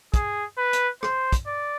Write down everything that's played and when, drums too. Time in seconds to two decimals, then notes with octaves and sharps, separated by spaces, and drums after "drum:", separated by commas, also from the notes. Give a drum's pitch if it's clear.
0.14 G#4, drum: kick, hi-hat
0.58 B4
0.73 drum: hi-hat
1.03 C5, drum: rim click
1.33 drum: kick, hi-hat
1.47 D5